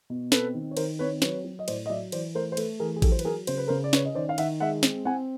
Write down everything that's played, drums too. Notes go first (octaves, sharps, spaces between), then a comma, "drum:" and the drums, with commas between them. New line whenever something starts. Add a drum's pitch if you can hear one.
B2
C4 A4 B4, drum: snare
D#3
C#5
D#3 A#4 C5, drum: cymbal
C4 B4 C#5
F#3 B4 C#5, drum: snare
F#3
D#5
A2 C5 D5, drum: cymbal
D#5
F#3 D5 E5
E3 C5 D5, drum: cymbal
A3 A#4 C5
C5
A3 A4 B4, drum: cymbal
E3 G#4 A#4
G#4
F#3 G4 A4, drum: kick A1, cymbal
C5
B4, drum: cymbal
F#3 G#4 A#4
C#3 C5, drum: cymbal
B4
C#3 A#4 C5
D5
C#4 B4 C#5, drum: snare
D#5
D#3 C5 D5
F5
D#3 E5 F#5, drum: cymbal
G#3 E5 F#5
C4, drum: snare
C4 F#5 G#5